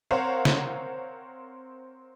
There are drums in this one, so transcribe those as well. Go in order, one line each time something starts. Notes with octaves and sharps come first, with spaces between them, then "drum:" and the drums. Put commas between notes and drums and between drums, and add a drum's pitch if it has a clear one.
C4 A#4 C5 C#5 F5 F#5
drum: snare